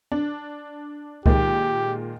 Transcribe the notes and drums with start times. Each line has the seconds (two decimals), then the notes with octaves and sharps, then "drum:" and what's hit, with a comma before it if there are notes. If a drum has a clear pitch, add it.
0.12 D4
1.26 A#2 D#3 G#3 G4, drum: kick C#2